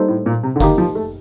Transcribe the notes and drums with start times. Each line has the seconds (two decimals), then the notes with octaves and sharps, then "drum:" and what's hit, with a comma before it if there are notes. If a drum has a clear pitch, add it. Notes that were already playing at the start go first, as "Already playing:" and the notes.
Already playing: G3 A#3 D#4 A4 C5
0.08 A2
0.26 A#2
0.43 C3
0.56 D3
0.60 D#3 A#3 D#4 G4, drum: kick F#1, hi-hat
0.78 F3
0.95 A3